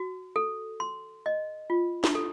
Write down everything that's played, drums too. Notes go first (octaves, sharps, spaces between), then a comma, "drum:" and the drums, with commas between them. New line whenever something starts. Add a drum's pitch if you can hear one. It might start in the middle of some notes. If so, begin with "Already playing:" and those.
Already playing: F#4
A4
C6
D#5
F4
drum: snare
A4